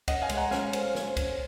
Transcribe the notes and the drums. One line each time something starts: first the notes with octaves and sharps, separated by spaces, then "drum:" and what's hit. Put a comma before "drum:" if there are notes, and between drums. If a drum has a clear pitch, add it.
C#4 D#5 F#5, drum: kick C#2, cymbal
F5 G#5
G#3, drum: cymbal
F#5 A#5
C#4 F5 G#5, drum: snare
C5, drum: cymbal
C5, drum: snare
C#4, drum: kick C#2, cymbal